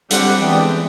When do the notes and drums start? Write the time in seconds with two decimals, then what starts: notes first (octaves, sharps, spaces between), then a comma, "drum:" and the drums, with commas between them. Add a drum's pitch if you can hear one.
0.11 D3 G3 C4 F#5, drum: hi-hat
0.41 E3 G#3 B3 D4 G5